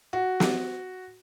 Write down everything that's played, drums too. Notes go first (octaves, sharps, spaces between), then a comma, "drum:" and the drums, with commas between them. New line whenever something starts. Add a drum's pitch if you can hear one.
F#4
drum: snare